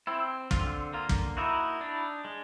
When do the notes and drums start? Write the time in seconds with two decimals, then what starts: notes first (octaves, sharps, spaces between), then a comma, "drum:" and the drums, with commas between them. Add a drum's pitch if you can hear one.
0.07 C4 E4
0.51 D3 F4, drum: kick
0.93 A#3 F4
1.09 drum: kick
1.37 D#4 E4 F#4
1.81 D4
2.25 G#3